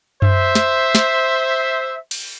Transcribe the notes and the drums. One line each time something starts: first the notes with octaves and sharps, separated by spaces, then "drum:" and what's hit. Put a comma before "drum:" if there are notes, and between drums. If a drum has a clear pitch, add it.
C5 E5, drum: tom F#2
drum: snare
drum: snare
drum: cymbal